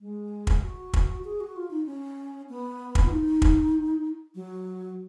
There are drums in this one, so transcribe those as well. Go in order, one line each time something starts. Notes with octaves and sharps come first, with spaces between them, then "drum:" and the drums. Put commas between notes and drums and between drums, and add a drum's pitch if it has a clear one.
G#3
drum: kick
F#4
drum: kick
G#4
F#4
F4
D#4
C#4
B3
drum: kick
F4
D#4
drum: kick
F#3